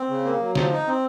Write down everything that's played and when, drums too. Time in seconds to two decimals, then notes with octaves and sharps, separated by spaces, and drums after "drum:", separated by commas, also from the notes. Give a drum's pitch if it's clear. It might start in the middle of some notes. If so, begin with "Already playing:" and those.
Already playing: C4
0.09 C#3
0.25 A#3
0.40 F#3
0.55 F3, drum: snare
0.71 D#4
0.87 C4